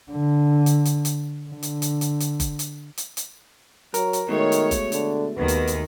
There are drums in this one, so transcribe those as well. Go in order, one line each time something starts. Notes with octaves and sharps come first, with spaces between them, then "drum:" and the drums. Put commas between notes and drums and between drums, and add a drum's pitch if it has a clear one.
D3
drum: hi-hat
drum: hi-hat
drum: hi-hat
D3
drum: hi-hat
drum: hi-hat
drum: hi-hat
drum: hi-hat
drum: kick F#1, hi-hat
drum: hi-hat
drum: hi-hat
drum: hi-hat
F#3 A#4, drum: hi-hat
drum: hi-hat
B2 D#3 G#3 A3 C#5
drum: hi-hat
drum: kick F#1, hi-hat
D3, drum: hi-hat
D#2 D#3 B3
drum: hi-hat
drum: hi-hat